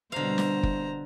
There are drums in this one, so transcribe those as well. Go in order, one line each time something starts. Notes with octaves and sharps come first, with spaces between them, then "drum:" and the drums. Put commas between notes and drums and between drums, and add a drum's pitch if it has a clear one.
C2 B2 D3 C5 F5 A#5
drum: snare
drum: kick